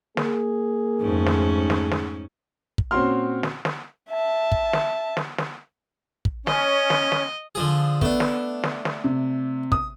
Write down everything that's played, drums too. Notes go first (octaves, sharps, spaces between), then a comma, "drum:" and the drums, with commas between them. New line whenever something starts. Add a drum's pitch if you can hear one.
A#3 G#4, drum: snare
F2 G#2 A3 C#4
drum: snare
drum: snare
drum: snare
drum: kick
A#2 C4 C#4 F#4 C6 F6
drum: snare
drum: snare
E5 A5
drum: kick
drum: snare
drum: snare
drum: snare
drum: kick
C#4 D#5, drum: snare
drum: snare
drum: snare
D3 F3 G#4
A3 B3 D4, drum: kick
drum: snare
drum: snare
drum: snare
C3
D#6, drum: kick